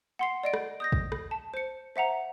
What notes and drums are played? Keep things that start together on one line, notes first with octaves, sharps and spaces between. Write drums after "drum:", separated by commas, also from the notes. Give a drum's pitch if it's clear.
F#5 C6 C7
D5 D#5 D7
drum: rim click
D#6 G6 A#6
drum: kick
drum: rim click
A5
C5 C#7
C5 E5 F#5 A#5